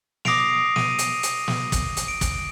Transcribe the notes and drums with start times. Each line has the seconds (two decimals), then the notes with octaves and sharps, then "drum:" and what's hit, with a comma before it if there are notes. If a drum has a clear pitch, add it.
0.25 D6 D#6 A#6 C7 D7 F7, drum: snare
0.76 D#7, drum: snare
0.99 drum: hi-hat
1.23 drum: hi-hat
1.48 drum: snare
1.72 drum: kick, hi-hat
1.97 drum: hi-hat
2.08 D7
2.21 drum: kick, hi-hat